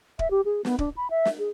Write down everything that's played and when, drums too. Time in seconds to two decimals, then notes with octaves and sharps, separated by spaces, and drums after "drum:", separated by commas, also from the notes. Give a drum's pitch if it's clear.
0.19 E5, drum: kick D1
0.31 G4
0.45 G#4
0.65 B3, drum: snare
0.79 D4, drum: kick D1
0.96 B5
1.10 E5
1.25 drum: snare
1.38 G#4